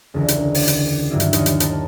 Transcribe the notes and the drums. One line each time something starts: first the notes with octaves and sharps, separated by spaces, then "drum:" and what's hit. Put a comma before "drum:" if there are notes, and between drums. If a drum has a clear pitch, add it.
E1 C#2 D3 A#4
drum: hi-hat
drum: open hi-hat
drum: hi-hat
G2 D#3 F#3 D4 E4 F4
drum: hi-hat
D#2 F4 C#5 D#5, drum: hi-hat
drum: hi-hat
A#4 D#5 A5, drum: hi-hat